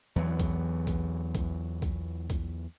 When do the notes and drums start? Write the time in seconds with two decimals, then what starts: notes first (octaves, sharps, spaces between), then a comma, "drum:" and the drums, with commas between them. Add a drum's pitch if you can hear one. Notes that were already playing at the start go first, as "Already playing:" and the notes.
0.16 E2 E3 F#3
0.40 drum: kick B1, hi-hat
0.87 drum: kick B1, hi-hat
1.35 drum: kick B1, hi-hat
1.82 drum: kick B1, hi-hat
2.30 drum: kick B1, hi-hat